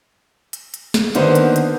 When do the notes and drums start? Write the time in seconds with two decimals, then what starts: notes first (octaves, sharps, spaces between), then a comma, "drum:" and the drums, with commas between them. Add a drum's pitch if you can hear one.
0.53 drum: hi-hat
0.74 drum: hi-hat
0.94 drum: snare
1.15 D3 D#3 A#3 B3 C5, drum: hi-hat
1.35 drum: hi-hat
1.56 drum: hi-hat